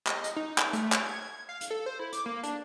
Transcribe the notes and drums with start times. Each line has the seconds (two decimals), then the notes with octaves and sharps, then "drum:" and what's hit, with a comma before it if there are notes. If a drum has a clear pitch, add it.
0.07 D#5, drum: clap
0.24 drum: hi-hat
0.36 D#4
0.58 drum: clap
0.73 A3, drum: hi-hat
0.92 drum: clap
1.06 G#6
1.21 G#6
1.49 F5
1.61 drum: hi-hat
1.71 A4
1.86 C5
1.99 E4
2.13 D6, drum: hi-hat
2.26 A#3
2.43 D4, drum: hi-hat